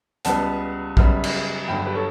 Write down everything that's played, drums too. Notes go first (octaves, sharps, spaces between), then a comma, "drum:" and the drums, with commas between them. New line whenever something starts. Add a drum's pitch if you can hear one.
C#2 C#3 G3 B3 F#5 A5, drum: hi-hat
F#2 C#3 G3 B3, drum: kick A#1
drum: cymbal
G1 G2 D3 F#3 G5 B5
G4 B4
A4 C#5